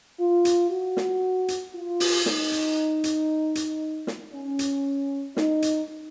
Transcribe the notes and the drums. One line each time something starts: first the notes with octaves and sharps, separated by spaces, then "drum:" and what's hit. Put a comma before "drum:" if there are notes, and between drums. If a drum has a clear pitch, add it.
F4
drum: hi-hat
F#4
drum: snare
drum: hi-hat
F4
drum: open hi-hat
D#4, drum: snare
drum: hi-hat
drum: hi-hat
drum: hi-hat
drum: snare
C#4
drum: hi-hat
D#4, drum: snare
drum: hi-hat